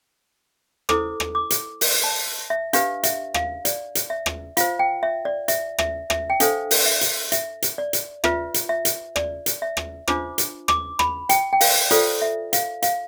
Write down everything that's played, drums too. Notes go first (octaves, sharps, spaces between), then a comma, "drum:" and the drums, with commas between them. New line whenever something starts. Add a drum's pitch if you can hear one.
E4 A4 C5 D6, drum: rim click
drum: rim click
D6
drum: hi-hat
drum: open hi-hat
A5
E5
D4 G4 B4 F5, drum: hi-hat
E5, drum: hi-hat
F5, drum: rim click
D5, drum: hi-hat
drum: hi-hat
E5
drum: rim click
F4 C5 F5, drum: hi-hat
G5
E5
D5
E5, drum: hi-hat
E5, drum: rim click
E5, drum: rim click
G5
D4 A4 C5 F5, drum: hi-hat
drum: open hi-hat
E5
drum: hi-hat
E5, drum: hi-hat
drum: hi-hat
D5
drum: hi-hat
F4 B4 E5, drum: rim click
drum: hi-hat
E5
drum: hi-hat
D5, drum: rim click
drum: hi-hat
E5
drum: rim click
D4 F4 C5 D6, drum: rim click
drum: hi-hat
D6, drum: rim click
B5, drum: rim click
G5, drum: hi-hat
G5
F5, drum: open hi-hat
F4 A4 C5 D5, drum: hi-hat
E5
F5, drum: hi-hat
F5, drum: hi-hat